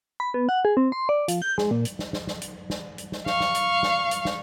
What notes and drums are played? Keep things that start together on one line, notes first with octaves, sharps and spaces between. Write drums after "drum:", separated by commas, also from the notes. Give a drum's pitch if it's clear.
B5
B3
F#5
G#4
C4
C6
D5
F3, drum: hi-hat
G6
G#3, drum: snare
A#2
drum: hi-hat
drum: snare
drum: snare
drum: snare
drum: hi-hat
drum: snare
drum: hi-hat
drum: snare
F5 C#6, drum: snare
drum: snare
drum: hi-hat
drum: snare
drum: hi-hat
drum: snare